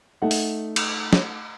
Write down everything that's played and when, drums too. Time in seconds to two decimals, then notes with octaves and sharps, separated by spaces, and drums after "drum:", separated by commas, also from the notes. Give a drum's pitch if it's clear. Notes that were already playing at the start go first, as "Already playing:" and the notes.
0.22 A3 D#4 F#5
0.31 drum: open hi-hat
0.76 drum: cymbal
1.13 drum: snare